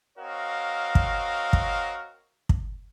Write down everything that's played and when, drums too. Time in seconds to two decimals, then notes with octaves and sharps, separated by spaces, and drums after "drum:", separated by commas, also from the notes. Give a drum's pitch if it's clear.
0.18 C4 F#4 A#4 C#5 D#5 F5
0.95 drum: kick
1.53 drum: kick
2.49 drum: kick